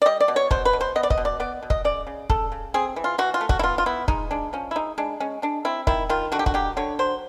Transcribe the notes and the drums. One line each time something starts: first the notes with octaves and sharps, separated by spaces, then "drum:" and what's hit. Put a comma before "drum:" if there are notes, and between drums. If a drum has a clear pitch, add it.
D5
G3 D#5
D5
B2
C#5
B2 C5, drum: kick
B4
B2
C5
B3 D#5
D5
D#5, drum: kick
B2
D5
B3 D5
B2
D#5, drum: kick
C#3 D5
C#3
C#3 A4, drum: kick
C#3
C4 G#4
E3
F4
E3 F#4
F4
A3
F#4, drum: kick
E4
B3 F4
F4
B3 E4
G#3 D#4, drum: kick
G#3 D4
F3 C#4
E4
G#3 D#4
G#3 D4
G#3 C#4
G#3 D4
C4 E4
D#3 E4, drum: kick
D#3 F4
D3 F#4
G4
F#4, drum: kick
F#3 G4
D3 C#5
F#3 C5